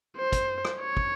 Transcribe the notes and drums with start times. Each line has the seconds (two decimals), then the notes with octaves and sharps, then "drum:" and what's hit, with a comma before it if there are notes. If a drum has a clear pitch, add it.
0.17 C5
0.32 drum: kick, hi-hat
0.65 drum: rim click
0.80 C#5
0.97 drum: kick